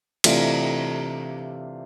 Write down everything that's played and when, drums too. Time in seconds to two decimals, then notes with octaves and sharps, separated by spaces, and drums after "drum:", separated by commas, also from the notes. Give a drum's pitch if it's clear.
0.24 C3 E3 A3 D4 F4, drum: cymbal